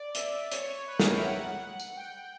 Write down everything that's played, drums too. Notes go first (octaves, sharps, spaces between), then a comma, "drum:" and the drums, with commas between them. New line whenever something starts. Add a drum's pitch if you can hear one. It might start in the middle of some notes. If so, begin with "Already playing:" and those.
Already playing: D5
E5, drum: hi-hat
C#5, drum: hi-hat
B4
A#4, drum: snare
G5
E5
F#5
drum: tambourine
G5